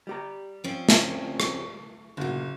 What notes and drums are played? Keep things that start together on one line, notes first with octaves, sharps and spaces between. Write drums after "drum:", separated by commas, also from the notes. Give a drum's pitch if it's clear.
G3 G4 A#5
F3 C4 C#4
drum: snare
drum: rim click
F#1 D2 A#2 F#3